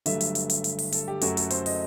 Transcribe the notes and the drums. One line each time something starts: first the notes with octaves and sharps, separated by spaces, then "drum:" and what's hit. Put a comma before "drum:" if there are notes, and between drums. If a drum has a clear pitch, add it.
G1 G2 F#3 A3 E5, drum: hi-hat
drum: hi-hat
drum: hi-hat
drum: hi-hat
drum: hi-hat
drum: open hi-hat
A4, drum: hi-hat
G4
F#2 F#3 A3 F#4, drum: hi-hat
A4, drum: hi-hat
C5, drum: hi-hat
D#5, drum: open hi-hat